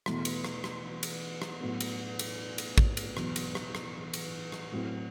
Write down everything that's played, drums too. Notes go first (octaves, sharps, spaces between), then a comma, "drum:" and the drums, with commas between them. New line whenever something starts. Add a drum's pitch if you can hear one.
E2 B2 A3 E4, drum: rim click
drum: cymbal
drum: rim click
drum: rim click
drum: cymbal
drum: rim click
A2 F#3 B3
drum: cymbal
drum: cymbal
drum: cymbal
drum: kick
drum: cymbal
E2 B2 F#3, drum: rim click
drum: cymbal
drum: rim click
drum: rim click
drum: cymbal
drum: rim click
A2 F#3 C4 E4